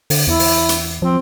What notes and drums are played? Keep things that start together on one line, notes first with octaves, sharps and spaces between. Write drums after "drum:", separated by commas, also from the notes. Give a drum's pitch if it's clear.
D3, drum: open hi-hat
E2 E4
drum: open hi-hat
drum: hi-hat
F3 C4